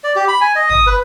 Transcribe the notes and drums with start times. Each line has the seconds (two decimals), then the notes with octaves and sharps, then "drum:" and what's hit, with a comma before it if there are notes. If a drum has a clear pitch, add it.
0.04 D5
0.16 G4
0.28 B5
0.41 G#5
0.55 D#5
0.69 D#6, drum: tom
0.87 B4